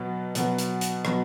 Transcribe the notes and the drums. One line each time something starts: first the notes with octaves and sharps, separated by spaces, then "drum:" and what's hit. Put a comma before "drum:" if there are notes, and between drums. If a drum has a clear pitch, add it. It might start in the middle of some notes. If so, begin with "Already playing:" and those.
Already playing: B2 F#3 B3
B2 F#3 B3, drum: hi-hat
drum: hi-hat
drum: hi-hat
B2 F#3 B3, drum: rim click